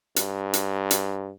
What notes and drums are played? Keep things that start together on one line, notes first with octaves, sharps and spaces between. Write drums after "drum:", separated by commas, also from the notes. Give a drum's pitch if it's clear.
G2, drum: hi-hat
drum: hi-hat
drum: hi-hat